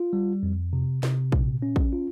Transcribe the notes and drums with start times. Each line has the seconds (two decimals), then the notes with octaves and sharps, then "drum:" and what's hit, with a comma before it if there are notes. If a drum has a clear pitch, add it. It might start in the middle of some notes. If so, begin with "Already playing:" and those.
Already playing: F4
0.13 G3
0.43 F2
0.73 C3
1.03 C3, drum: snare
1.32 A#2, drum: kick
1.62 C#4
1.76 drum: kick
1.93 F4